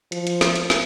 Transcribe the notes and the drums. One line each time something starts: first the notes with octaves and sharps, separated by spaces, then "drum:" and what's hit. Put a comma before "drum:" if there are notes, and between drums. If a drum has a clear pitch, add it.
F3, drum: hi-hat
drum: hi-hat
drum: snare
drum: hi-hat
drum: snare